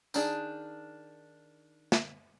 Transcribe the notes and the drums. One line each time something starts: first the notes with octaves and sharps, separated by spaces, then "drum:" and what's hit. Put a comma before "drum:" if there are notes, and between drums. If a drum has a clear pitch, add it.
D#3 D4 G#4, drum: tambourine
drum: snare